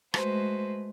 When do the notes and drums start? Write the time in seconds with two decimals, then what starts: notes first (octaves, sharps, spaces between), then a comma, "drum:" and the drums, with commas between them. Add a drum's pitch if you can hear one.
0.14 G#3 A3 F#4 B4 C5, drum: rim click